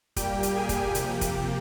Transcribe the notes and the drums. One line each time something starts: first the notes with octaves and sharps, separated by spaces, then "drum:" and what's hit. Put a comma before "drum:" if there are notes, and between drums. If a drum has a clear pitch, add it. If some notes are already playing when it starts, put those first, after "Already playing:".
A#2 G3 A#3 G4 G5, drum: kick, hi-hat
drum: hi-hat
G#4 G#5
drum: kick, hi-hat
C3 F3 A#3 G4 G5, drum: hi-hat
drum: kick, hi-hat